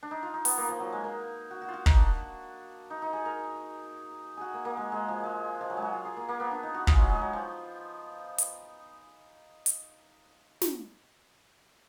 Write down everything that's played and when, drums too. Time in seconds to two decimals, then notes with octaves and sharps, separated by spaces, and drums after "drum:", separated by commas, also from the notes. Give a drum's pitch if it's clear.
0.03 D4
0.11 D#4
0.23 F4
0.34 D#4
0.45 B3, drum: open hi-hat
0.58 A#3
0.69 F3
0.80 F#3
0.92 G#3
1.04 A#3
1.51 F#4
1.62 F#4
1.68 F4
1.74 F#4
1.86 D#4, drum: kick
1.96 D4
2.90 D#4
3.02 D#4
3.13 G#4
3.25 A#4
4.37 F#4 G#4
4.53 A#3
4.65 A#3
4.77 G#3
4.92 G#3
5.08 F3
5.24 G#3
5.61 F3
5.70 F#3
5.77 G#3
5.82 F#3
5.93 F4
6.05 G#4
6.17 A#3
6.29 A#3
6.40 B3
6.51 D4
6.63 D#4
6.74 F#4
6.87 F4, drum: kick
6.94 F#3 G#3
7.10 G#3
7.22 F#3
7.33 F3
8.38 drum: hi-hat
9.66 drum: hi-hat
10.62 drum: snare